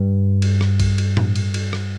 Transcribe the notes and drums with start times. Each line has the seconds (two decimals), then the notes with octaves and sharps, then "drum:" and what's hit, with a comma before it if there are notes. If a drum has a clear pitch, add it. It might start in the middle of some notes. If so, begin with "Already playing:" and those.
Already playing: G2
0.42 drum: cymbal
0.61 drum: rim click
0.80 drum: kick, cymbal
0.98 drum: cymbal
1.17 drum: tom A2
1.36 drum: cymbal
1.54 drum: cymbal
1.73 drum: rim click